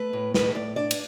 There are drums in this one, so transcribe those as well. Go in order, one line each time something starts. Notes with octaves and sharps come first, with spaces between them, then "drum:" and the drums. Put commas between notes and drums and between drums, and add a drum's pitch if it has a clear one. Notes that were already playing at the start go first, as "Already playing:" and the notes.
Already playing: A3 B4
A2
A3 B4, drum: snare
A2 D5
D4 D5
drum: cymbal